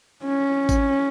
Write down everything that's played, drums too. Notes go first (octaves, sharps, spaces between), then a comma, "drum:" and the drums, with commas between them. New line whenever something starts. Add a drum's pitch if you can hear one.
C#4
drum: kick G#1, tambourine